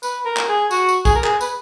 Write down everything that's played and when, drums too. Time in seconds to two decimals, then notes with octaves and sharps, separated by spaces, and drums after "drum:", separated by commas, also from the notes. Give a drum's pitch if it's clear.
0.03 B4, drum: tambourine
0.25 A#4
0.37 drum: clap
0.49 G#4
0.71 F#4, drum: tambourine
0.89 drum: tambourine
1.05 G#4, drum: kick, tambourine
1.15 A#4
1.24 G#4, drum: clap
1.41 B4, drum: tambourine